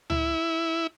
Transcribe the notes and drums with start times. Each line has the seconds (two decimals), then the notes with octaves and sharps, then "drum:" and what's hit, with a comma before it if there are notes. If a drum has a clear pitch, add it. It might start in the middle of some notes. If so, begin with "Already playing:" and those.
0.10 E4, drum: tom C#2